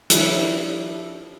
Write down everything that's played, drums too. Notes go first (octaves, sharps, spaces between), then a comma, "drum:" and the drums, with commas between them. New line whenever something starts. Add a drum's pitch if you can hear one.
F3 G3 D4 E4, drum: hi-hat